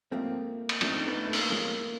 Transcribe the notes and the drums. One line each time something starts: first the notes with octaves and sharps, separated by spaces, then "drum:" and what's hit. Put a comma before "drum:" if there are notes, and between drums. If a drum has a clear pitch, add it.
G#2 F3 A3 A#3 C4
drum: cymbal
G#2 F3 A3 C4 D4, drum: cymbal
D#4
B3
A3
A3
B3, drum: open hi-hat
A#3
A2 F3 G#3 A#3